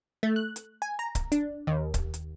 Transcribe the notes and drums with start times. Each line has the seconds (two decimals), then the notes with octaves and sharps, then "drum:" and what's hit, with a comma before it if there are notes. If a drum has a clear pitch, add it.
0.23 A3
0.36 F#6
0.56 drum: hi-hat
0.82 G#5
0.99 A#5
1.15 drum: kick C#1, hi-hat
1.32 D4, drum: hi-hat
1.67 D#2
1.94 drum: kick C#1, hi-hat
2.14 drum: hi-hat